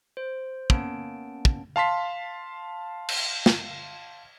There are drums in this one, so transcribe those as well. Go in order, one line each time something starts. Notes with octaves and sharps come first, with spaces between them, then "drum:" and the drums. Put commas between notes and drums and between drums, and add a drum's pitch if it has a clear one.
C5
A#3 B3 C#4 A5 D7, drum: kick
drum: kick
F5 A5 C6 B6
drum: cymbal
drum: snare